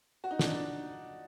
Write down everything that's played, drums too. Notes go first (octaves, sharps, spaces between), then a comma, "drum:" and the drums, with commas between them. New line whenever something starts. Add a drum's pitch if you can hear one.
F#4
D#4
D4, drum: snare
D#4
D4